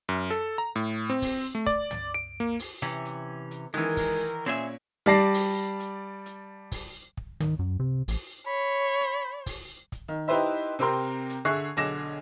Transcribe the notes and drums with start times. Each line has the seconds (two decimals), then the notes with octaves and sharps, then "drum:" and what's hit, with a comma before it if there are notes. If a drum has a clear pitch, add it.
0.09 F#2
0.30 A4, drum: hi-hat
0.58 A#5
0.76 A2, drum: hi-hat
1.10 C4
1.22 drum: kick, open hi-hat
1.55 A3
1.66 D5, drum: kick, hi-hat
1.91 drum: tom
2.14 D7
2.40 A#3
2.59 drum: open hi-hat
2.82 C3 E3 C#4
3.05 drum: hi-hat
3.51 drum: hi-hat
3.74 D#3 E3 G#3 A#4
3.97 drum: kick, open hi-hat
4.46 A#2 C4 C#4 G#4 E5
5.06 G3 D5 A5 A#6 C7
5.34 drum: open hi-hat
5.80 drum: hi-hat
6.26 drum: hi-hat
6.72 drum: kick, open hi-hat
7.17 drum: kick
7.40 D#3, drum: tom
7.59 F#2
7.80 C3
8.08 A1, drum: open hi-hat
8.47 C#5 B5
9.01 drum: hi-hat
9.46 drum: kick, open hi-hat
9.92 drum: kick, hi-hat
10.08 D#3
10.28 D#4 E4 G4 B4 C5 E5
10.79 C3 C4 G4 A#4 C6
11.30 drum: hi-hat
11.45 D3 G#4 E5 C#6 F#6 C7
11.77 B1 D3 G#4 D6 A#6 E7, drum: hi-hat